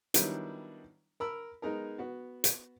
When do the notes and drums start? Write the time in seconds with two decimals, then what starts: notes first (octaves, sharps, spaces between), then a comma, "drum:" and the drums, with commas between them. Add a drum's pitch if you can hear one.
0.14 D#3 F#3 G3 B3 D4 E4, drum: hi-hat
1.20 A#4 A#5 B5 E6
1.62 G#3 B3 D#4 G#4 A#4
1.98 B3 F#4
2.44 drum: hi-hat